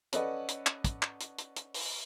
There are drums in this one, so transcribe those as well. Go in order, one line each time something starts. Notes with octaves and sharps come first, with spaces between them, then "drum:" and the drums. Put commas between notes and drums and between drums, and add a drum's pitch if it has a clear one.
C#4 A4 B4 D5 D#5 F#5, drum: hi-hat
drum: hi-hat
drum: clap
drum: kick, hi-hat
drum: clap
drum: hi-hat
drum: hi-hat
drum: hi-hat
drum: open hi-hat